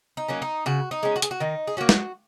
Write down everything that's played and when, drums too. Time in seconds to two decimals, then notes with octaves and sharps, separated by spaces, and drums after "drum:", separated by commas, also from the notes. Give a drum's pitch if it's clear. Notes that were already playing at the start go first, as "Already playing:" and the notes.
0.17 D#4
0.28 F#3 A#3 C#4
0.42 D#4
0.66 C#3 F#4
0.91 D#4
1.03 G#3 C#4
1.16 F#4
1.22 G#4, drum: hi-hat
1.31 F#4
1.40 D#3 D#4
1.67 G#4
1.77 A#3 C#4 F#4
1.89 drum: snare